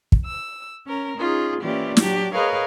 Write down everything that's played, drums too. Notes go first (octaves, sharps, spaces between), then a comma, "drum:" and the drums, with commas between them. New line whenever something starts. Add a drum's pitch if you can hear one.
drum: kick
E6
C#4 A#4
C#4 D#4 F4 G#4
E3 A#3 C#4 F4 G4 D5
F#3 D4 G4, drum: snare
G#4 A#4 B4 C#5 D#5 F5